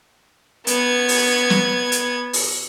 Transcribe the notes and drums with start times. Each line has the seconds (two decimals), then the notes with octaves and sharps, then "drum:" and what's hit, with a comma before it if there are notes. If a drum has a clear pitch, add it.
0.67 B3 G#6, drum: hi-hat
1.08 drum: open hi-hat
1.50 drum: snare
1.92 drum: hi-hat
2.33 drum: open hi-hat